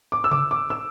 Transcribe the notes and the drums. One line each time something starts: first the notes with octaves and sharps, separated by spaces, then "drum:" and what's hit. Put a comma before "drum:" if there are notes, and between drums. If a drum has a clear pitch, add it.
D6
E6
D6, drum: tom C3
D6
E6